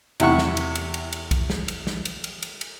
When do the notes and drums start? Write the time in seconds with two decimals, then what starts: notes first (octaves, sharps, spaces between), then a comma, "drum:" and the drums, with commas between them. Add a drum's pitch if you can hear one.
0.20 E2 C3 E4 F#5 C#6, drum: cymbal
0.38 drum: snare
0.57 drum: cymbal
0.75 drum: cymbal
0.94 drum: cymbal
1.13 drum: cymbal
1.31 drum: kick B1, cymbal
1.50 drum: snare
1.68 drum: cymbal
1.87 drum: snare
2.05 drum: cymbal
2.24 drum: cymbal
2.42 drum: cymbal
2.61 drum: cymbal